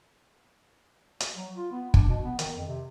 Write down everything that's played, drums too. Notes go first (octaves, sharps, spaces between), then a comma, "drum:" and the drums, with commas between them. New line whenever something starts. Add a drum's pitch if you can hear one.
drum: hi-hat
F#3
F4
B3
D4, drum: kick
B2
B3
D#3, drum: hi-hat
F2
C3